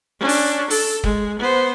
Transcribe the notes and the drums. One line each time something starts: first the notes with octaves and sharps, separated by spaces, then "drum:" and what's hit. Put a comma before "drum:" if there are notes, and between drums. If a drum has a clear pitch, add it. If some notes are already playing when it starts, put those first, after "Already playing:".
C#4 D4
drum: open hi-hat
A4, drum: open hi-hat
G#3, drum: kick
B3 C5